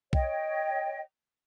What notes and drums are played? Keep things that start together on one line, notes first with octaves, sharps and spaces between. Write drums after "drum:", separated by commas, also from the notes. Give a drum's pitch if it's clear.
C#5 D#5 G5, drum: kick B1